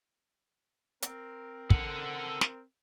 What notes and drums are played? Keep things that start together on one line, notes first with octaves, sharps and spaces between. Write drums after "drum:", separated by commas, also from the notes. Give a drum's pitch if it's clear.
C4 A#4, drum: hi-hat
A4 F#5, drum: kick
drum: snare